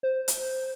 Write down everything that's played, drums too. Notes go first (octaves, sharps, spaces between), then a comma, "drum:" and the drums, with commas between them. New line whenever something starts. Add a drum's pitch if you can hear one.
C5
drum: hi-hat